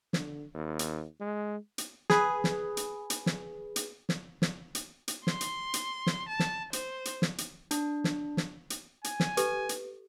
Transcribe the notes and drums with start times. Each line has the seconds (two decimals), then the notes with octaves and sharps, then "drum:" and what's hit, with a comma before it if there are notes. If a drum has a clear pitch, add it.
0.13 D3, drum: snare
0.54 D#2
0.79 drum: hi-hat
1.20 G#3
1.78 drum: hi-hat
2.10 G#4 B4, drum: snare
2.44 drum: snare
2.77 drum: hi-hat
3.10 drum: hi-hat
3.26 drum: snare
3.76 drum: hi-hat
4.09 drum: snare
4.42 drum: snare
4.75 drum: hi-hat
5.08 drum: hi-hat
5.27 C6, drum: snare
5.41 drum: hi-hat
5.74 drum: hi-hat
6.07 drum: snare
6.29 A5
6.39 drum: snare
6.73 C5, drum: hi-hat
7.05 drum: hi-hat
7.22 drum: snare
7.38 drum: hi-hat
7.71 D4, drum: hi-hat
8.04 drum: snare
8.37 drum: snare
8.70 drum: hi-hat
9.04 G#5, drum: hi-hat
9.20 drum: snare
9.37 G4 A4 B4, drum: hi-hat
9.69 drum: hi-hat